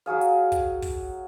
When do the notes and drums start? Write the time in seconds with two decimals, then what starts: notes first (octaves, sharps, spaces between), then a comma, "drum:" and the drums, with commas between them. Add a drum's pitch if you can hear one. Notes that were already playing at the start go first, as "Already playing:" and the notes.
0.06 F#3 F#4 G#4 F5
0.21 drum: hi-hat
0.52 drum: kick, hi-hat
0.82 drum: kick, open hi-hat